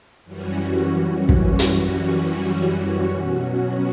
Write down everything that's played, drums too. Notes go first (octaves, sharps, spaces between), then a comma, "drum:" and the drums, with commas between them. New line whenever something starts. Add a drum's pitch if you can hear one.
F#2 E3 G3 C#4 F#4
drum: kick
drum: hi-hat
B2 F#3 C#4 F#4